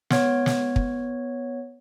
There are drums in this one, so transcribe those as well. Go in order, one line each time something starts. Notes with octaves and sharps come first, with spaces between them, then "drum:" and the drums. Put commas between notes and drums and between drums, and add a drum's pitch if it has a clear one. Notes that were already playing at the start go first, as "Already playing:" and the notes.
B3 C#5, drum: snare
drum: snare
drum: kick